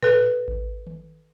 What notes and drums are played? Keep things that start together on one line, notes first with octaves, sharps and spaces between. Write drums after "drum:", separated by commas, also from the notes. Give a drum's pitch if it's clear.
A4 B4, drum: tom A2
drum: kick G#1
drum: tom D#3